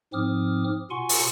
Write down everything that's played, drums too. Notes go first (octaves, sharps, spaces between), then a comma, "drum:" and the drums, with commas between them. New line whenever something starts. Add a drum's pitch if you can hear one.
G#2 F3 C4 D6 D#6 F6
B2 F4 F#5 G#5 C6 C#6
drum: open hi-hat